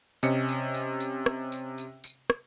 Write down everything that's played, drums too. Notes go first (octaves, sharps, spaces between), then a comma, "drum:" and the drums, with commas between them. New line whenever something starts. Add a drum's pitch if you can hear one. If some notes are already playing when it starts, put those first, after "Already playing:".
C3 C#4 D#5 C#7, drum: tambourine
drum: tambourine
drum: tambourine
drum: tambourine
drum: rim click
drum: tambourine
drum: tambourine
drum: tambourine
drum: rim click